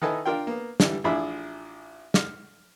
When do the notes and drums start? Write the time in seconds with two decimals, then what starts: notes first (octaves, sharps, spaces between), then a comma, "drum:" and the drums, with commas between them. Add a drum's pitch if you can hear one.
0.02 D#3 D#4 E4 A4 B4 G#5
0.26 D4 F4 A#4 G5
0.47 A#3 B3
0.80 D3 E3 G3, drum: snare
1.04 A1 F3 D4 E4 G#4 B5
2.14 F6, drum: snare